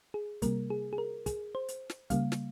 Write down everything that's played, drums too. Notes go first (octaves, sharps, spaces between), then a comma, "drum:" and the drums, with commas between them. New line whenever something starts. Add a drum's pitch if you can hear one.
G#4
C3 G3 A#3 A#4, drum: kick, hi-hat
G#4
G#4
A#4
G#4, drum: kick, hi-hat
C5
drum: hi-hat
drum: snare
C#3 G3 A#3 F5, drum: kick, hi-hat
drum: snare